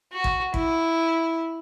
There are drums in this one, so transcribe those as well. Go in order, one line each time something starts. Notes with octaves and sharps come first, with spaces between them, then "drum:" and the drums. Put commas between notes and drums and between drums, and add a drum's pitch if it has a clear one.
F#4
drum: kick
E4, drum: kick